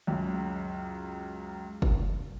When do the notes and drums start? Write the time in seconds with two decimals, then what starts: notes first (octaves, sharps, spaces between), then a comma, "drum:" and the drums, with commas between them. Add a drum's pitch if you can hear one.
0.07 C#2 F#2
1.82 drum: kick